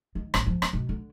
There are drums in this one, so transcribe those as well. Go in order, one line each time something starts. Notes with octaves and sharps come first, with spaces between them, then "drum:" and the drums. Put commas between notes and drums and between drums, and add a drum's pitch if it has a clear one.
D#3
A1, drum: rim click
F3
A#3, drum: rim click
B2
D3